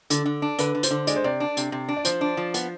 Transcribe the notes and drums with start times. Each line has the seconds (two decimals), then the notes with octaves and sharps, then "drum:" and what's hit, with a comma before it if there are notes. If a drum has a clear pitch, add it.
0.10 D3, drum: hi-hat
0.26 D3
0.42 D4
0.59 D3 B4, drum: hi-hat
0.75 D3
0.83 C5, drum: hi-hat
0.91 D3
1.07 G#3 D5, drum: hi-hat
1.16 C5
1.24 C3 D5
1.40 D4
1.57 C3, drum: hi-hat
1.72 C3
1.89 D4
1.97 D5
2.05 F3 C5, drum: hi-hat
2.21 D4
2.37 F3
2.54 B3, drum: hi-hat